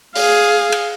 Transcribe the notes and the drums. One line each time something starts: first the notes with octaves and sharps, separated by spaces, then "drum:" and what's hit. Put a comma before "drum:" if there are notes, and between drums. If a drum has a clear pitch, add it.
G#4 F5, drum: open hi-hat
drum: cymbal